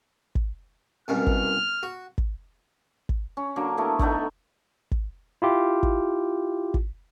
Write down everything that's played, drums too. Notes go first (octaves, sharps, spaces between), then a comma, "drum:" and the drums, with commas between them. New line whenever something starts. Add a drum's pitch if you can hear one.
drum: kick
C2 F#2 B2 F6
drum: kick
F#4
drum: kick
drum: kick
C#4
D3 F#3 A#3
A3 B3 E4 A#4
D3 A3 B3 D#4, drum: kick
drum: kick
E4 F4 G4
drum: kick
drum: kick